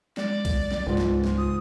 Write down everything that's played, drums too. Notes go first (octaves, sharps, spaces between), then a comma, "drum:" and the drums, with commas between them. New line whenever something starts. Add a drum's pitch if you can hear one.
G#3 D5, drum: snare
drum: kick B1, cymbal
drum: snare
C#2 G#2 F4
drum: snare
drum: snare
D#6